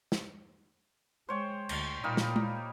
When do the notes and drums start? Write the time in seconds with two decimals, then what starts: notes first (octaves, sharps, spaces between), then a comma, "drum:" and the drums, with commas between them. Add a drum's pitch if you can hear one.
0.12 drum: snare
1.29 G#3 C5 C#5 G5
1.69 D2, drum: cymbal
2.04 A#2 G3 A#3 D#4
2.17 drum: snare
2.36 drum: tom G#3